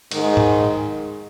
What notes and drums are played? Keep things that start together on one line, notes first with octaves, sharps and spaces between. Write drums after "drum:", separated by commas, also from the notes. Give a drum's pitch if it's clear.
G#2 D#3 G#3, drum: cymbal
drum: tom G#2